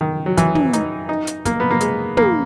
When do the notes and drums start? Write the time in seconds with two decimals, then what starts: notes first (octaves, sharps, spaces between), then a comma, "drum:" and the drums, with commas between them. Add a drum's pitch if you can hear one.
0.01 D#3
0.26 F#3
0.37 E3, drum: kick, hi-hat
0.55 drum: tom
0.73 D#4, drum: hi-hat
1.09 D#4
1.27 drum: hi-hat
1.45 A#3, drum: kick, hi-hat
1.60 B3
1.71 A#3
1.80 G#3, drum: hi-hat
2.17 A#3, drum: tom